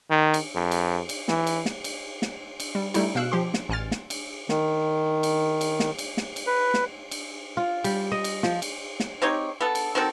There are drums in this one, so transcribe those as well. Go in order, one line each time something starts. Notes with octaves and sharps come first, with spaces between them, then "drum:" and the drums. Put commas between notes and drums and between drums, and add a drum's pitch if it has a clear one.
D#3
drum: cymbal
F2
drum: cymbal
drum: cymbal
E3, drum: snare
drum: cymbal
drum: snare
drum: cymbal
drum: snare
drum: cymbal
G3
G3 A3 D#4 E4, drum: cymbal
B2 F5 E6 F#6
F3 G4 C6
drum: snare
A1 G#5 F6 A6
drum: snare
drum: cymbal
D#3, drum: snare
drum: cymbal
drum: cymbal
drum: snare
drum: cymbal
drum: snare
drum: cymbal
B4
drum: snare
drum: cymbal
F4
G3, drum: cymbal
D#5
drum: cymbal
F3, drum: snare
drum: cymbal
drum: snare
C4 D#4 G4 C#5
B3 A4
drum: cymbal
D#3 C4 F#4 A4